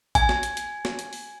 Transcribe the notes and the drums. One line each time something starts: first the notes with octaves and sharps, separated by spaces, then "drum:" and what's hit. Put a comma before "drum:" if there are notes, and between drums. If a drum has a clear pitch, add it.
G#5, drum: kick A1, hi-hat
drum: snare
drum: hi-hat
drum: hi-hat
drum: snare
drum: hi-hat
drum: open hi-hat